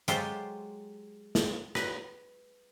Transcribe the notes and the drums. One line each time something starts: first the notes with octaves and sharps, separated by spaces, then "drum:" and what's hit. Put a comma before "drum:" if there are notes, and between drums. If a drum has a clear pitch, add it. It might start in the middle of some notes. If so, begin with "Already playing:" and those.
F#3 G#3 F4 G4 A4 C5, drum: hi-hat
drum: snare
B4, drum: rim click